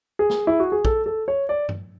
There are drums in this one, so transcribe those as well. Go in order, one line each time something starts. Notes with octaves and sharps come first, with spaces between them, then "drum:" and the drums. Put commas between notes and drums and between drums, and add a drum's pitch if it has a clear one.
G#4
drum: snare
E4
F#4
G#4
A4, drum: kick
A4
C#5
D5
drum: tom G2